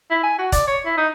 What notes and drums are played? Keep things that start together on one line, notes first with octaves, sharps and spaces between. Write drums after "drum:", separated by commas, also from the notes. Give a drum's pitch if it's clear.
E4
G#5
F#4
D5, drum: kick E1, hi-hat
C#5
E4
D#4